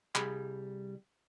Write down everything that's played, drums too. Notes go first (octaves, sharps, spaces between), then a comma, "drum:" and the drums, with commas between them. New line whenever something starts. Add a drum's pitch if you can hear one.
C2 G3 G#4 B5, drum: clap